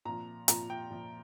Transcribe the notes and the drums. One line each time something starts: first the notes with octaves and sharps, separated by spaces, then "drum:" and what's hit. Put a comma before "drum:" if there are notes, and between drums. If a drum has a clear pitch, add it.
A#2 F3 A#5
A#2 F3 A#5, drum: hi-hat
G5
A#2 F3